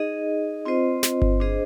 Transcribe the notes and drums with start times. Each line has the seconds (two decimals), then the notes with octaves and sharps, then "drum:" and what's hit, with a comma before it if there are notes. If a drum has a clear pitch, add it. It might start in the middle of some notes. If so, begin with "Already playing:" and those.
Already playing: D#4 G#4 D#5
0.65 C4 F4 C5 D#5
1.03 drum: snare
1.22 drum: kick G1
1.40 D4 G#4 C5 D#5